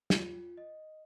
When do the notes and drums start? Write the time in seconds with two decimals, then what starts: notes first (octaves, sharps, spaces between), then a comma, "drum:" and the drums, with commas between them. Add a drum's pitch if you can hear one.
0.10 F4, drum: snare
0.57 D#5